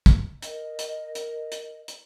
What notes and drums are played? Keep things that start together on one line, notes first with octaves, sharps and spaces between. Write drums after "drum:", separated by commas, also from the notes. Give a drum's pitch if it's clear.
drum: kick, hi-hat
A#4 D#5, drum: hi-hat
drum: hi-hat
drum: hi-hat
drum: hi-hat
drum: hi-hat